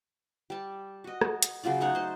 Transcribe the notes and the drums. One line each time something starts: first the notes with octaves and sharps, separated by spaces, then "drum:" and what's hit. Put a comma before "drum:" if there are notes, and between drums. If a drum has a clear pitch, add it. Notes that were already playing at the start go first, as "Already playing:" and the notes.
G3 A5
F#4 D#5
drum: rim click
drum: hi-hat
C#3 F#3 F4 D5
A3 D#4 C#5 F#5
C5 A5